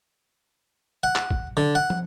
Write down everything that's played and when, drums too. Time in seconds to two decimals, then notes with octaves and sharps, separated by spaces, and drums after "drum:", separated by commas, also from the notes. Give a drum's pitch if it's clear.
1.03 F#5
1.16 drum: clap
1.31 drum: kick
1.57 D3
1.75 F#5
1.90 drum: tom